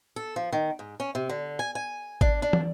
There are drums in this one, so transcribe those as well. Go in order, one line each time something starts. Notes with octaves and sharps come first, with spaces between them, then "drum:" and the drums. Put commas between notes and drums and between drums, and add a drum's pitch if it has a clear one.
A4
F3
D#3
G#2
C#4
C3
D3
G#5
G#5
D4, drum: kick G#1
D4
drum: tom